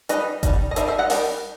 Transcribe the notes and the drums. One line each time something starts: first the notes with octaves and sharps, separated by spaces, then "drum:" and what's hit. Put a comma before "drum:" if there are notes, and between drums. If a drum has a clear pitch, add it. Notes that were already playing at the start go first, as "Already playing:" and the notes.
G3 D#4 B4 D#5, drum: hi-hat
G3 D#4, drum: kick G1, hi-hat
D#5
D#3 G3 D#4 C5 E5, drum: hi-hat
C5 E5
D#5 F#5
D#3 G3 D#4, drum: open hi-hat